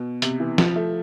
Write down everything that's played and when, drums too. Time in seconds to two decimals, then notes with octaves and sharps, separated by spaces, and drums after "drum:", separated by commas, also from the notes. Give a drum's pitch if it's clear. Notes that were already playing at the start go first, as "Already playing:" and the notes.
Already playing: B2
0.22 C3, drum: hi-hat
0.40 E3
0.58 F3, drum: snare
0.76 A3